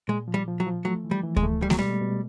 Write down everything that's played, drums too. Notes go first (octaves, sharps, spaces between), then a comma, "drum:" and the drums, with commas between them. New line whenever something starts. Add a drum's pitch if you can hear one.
A#2 G#3
F3
G3
F3
F#3
F3
F#3 A3
E3
G3
E3
G#3, drum: kick D2
A3
G3 G#3
F#3, drum: snare A3
B2 G3
B2